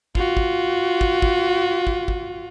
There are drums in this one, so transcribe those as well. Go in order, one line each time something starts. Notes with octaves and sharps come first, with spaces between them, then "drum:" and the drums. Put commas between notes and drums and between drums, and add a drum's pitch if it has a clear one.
F4 F#4, drum: kick
drum: kick
drum: kick
drum: kick
drum: kick
drum: kick